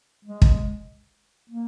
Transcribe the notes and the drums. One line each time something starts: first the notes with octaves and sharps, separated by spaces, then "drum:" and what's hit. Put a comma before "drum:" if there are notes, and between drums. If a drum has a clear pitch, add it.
G#3
drum: kick
A#3